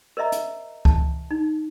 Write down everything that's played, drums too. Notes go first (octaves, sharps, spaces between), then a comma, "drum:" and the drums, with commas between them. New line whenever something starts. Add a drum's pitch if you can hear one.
A#4 C5 D#5 E5 A#5
drum: hi-hat
A5, drum: kick C#2
D#4